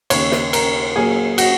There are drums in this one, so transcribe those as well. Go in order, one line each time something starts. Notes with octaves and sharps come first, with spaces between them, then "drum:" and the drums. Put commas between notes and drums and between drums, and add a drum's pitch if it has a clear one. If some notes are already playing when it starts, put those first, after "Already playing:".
D#2 C#3 A#3 C#5, drum: cymbal
drum: snare
A#4, drum: cymbal
A#2 F#3 A#3 G#4
F#4, drum: cymbal